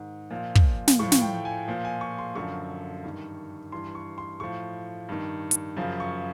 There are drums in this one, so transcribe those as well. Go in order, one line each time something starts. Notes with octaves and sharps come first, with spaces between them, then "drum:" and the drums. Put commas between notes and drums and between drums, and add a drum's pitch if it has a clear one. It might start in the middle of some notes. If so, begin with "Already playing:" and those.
Already playing: G#2 D#3
A#2 F3
drum: kick
drum: snare
A2 F3 C#6
drum: snare
G5
G#5
A#2 F3
G#5
C#6
C6
F#2 D3 F3 C#6
G2 D#3
G2 E3 C6
C#6
C6
A2 F3 C#6
G2 D#3
drum: hi-hat
F#2 C#3 F3
C#6